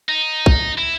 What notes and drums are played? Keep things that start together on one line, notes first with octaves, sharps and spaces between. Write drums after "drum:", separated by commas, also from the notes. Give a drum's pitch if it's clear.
D#4
drum: kick
E4